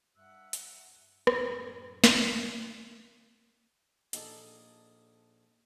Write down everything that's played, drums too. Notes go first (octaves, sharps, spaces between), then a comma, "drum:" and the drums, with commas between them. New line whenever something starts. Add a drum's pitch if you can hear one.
G2 E5 F#5 E6 F#6
drum: hi-hat
F#2 A2 C#3 F#3 C#4, drum: rim click
drum: snare
A#1 D#4 G#4 A4 D5, drum: hi-hat